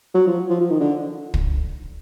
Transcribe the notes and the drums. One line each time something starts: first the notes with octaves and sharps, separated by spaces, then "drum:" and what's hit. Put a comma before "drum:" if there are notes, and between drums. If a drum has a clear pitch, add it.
F#3
F3
F3
F3
D#3
D3
drum: kick